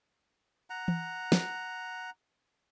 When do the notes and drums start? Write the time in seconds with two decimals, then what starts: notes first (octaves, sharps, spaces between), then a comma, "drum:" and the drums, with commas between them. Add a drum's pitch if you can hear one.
0.70 F#5 A#5
0.88 drum: tom E3
1.32 drum: snare